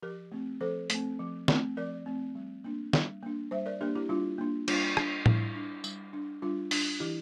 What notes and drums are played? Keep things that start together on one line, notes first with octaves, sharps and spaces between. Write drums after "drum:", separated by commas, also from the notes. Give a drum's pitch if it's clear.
F3 G4 A#4
A3 C4
F3 A4 C5
A3 C4, drum: hi-hat
F3
A3 C4, drum: snare
F3 A#4 D5
A3 C4
G3
A#3 D4
G3, drum: snare
A#3 D4
G3 C5 E5
A#4 D5
A#3 D4 G4 A#4
E4 G4
G3 D4 F4
A#3 D4
G3 D4 F4, drum: cymbal
D4, drum: rim click
G3 E4, drum: tom A2
D4
G3, drum: tambourine
D4
G3 D4 F4
D4, drum: open hi-hat
E3 E4 G4